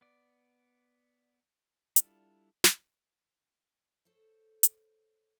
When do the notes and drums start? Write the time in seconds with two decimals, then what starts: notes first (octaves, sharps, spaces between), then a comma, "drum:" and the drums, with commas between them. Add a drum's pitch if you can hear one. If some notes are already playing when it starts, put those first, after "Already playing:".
0.01 B3 D5
1.96 G3 D4 E4 F4 A4, drum: hi-hat
2.64 drum: snare
4.05 A4 C5 C#5
4.63 drum: hi-hat